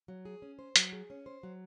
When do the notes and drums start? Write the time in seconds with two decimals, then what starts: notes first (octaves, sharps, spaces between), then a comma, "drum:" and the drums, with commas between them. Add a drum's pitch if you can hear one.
0.08 F#3
0.25 G#4
0.42 C#4
0.59 C5
0.76 F#3, drum: hi-hat
0.93 G#4
1.10 C#4
1.26 C5
1.43 F#3